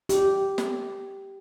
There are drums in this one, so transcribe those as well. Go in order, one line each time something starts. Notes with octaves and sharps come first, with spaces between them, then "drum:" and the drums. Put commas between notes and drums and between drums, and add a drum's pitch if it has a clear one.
G4, drum: hi-hat
drum: snare